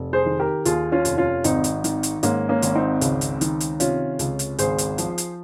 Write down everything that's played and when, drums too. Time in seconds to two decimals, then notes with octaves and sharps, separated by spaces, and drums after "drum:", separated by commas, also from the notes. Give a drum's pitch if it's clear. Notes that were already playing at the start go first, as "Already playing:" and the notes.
Already playing: F1
0.13 G#4 C5
0.26 D#3
0.40 G4 A#4
0.65 D#2 F4 G#4, drum: hi-hat
0.92 C#4 F4
1.05 F1, drum: hi-hat
1.18 C#4 F4
1.44 G#1 C4 D#4, drum: hi-hat
1.64 drum: hi-hat
1.84 D#3, drum: hi-hat
2.03 drum: hi-hat
2.23 G#2 A#3 C#4, drum: hi-hat
2.49 A#3 C#4
2.62 G#1, drum: hi-hat
2.75 C4 D#4
3.01 C#2, drum: hi-hat
3.21 drum: hi-hat
3.41 D#3, drum: hi-hat
3.60 drum: hi-hat
3.80 C3 C#4 F4, drum: hi-hat
4.19 C#2, drum: hi-hat
4.39 drum: hi-hat
4.59 G#1 G#4 C5, drum: hi-hat
4.78 drum: hi-hat
4.98 F3, drum: hi-hat
5.18 drum: hi-hat